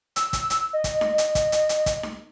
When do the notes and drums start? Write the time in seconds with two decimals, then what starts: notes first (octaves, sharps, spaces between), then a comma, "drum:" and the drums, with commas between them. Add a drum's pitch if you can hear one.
0.16 E6, drum: hi-hat
0.33 drum: kick, hi-hat
0.50 drum: hi-hat
0.73 D#5
0.84 drum: kick, hi-hat
1.01 drum: snare D#4
1.18 drum: hi-hat
1.35 drum: kick, hi-hat
1.52 drum: hi-hat
1.69 drum: hi-hat
1.86 drum: kick, hi-hat
2.03 drum: snare D#4